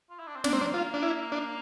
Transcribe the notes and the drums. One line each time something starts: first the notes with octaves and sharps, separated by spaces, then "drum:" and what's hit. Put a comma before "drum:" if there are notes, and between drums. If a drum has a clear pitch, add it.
F4
E4
D4
C4
A#3 D4, drum: snare
C4
D4
F4
D4
E4
D4